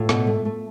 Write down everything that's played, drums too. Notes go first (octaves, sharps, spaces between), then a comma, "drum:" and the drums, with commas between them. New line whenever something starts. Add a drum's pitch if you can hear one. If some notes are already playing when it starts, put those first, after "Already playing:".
Already playing: A2 F4
B2, drum: snare
A3
A3